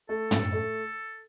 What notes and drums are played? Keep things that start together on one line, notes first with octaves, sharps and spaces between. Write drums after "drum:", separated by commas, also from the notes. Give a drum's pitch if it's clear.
A3 A4
A2, drum: tom
A3